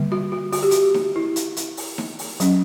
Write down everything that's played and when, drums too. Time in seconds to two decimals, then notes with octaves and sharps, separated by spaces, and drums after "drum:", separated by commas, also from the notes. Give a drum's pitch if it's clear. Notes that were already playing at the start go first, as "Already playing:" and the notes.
Already playing: D3 G3 A#3
0.12 F#4
0.32 F#4
0.52 F#4, drum: open hi-hat
0.62 G4
0.71 F#4, drum: hi-hat
0.94 drum: snare D#4
1.16 E4
1.36 drum: hi-hat
1.57 drum: hi-hat
1.77 drum: open hi-hat
1.98 drum: snare D#4
2.19 drum: open hi-hat
2.40 F#3 C#4, drum: hi-hat